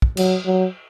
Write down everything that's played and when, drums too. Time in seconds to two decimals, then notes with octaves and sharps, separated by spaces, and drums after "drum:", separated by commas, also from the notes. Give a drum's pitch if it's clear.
0.02 drum: kick
0.17 F#3, drum: cymbal
0.46 F#3